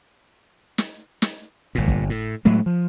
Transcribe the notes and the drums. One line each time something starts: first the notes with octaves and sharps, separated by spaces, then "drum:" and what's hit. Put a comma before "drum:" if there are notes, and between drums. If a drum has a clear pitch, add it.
drum: snare
drum: snare
G1 A#2
drum: kick
A2
A2 F#3 G#3 A3
F3